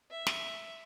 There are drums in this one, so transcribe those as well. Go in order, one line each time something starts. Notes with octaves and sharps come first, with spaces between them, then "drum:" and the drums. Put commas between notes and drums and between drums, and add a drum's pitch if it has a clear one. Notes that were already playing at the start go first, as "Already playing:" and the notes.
E5
drum: snare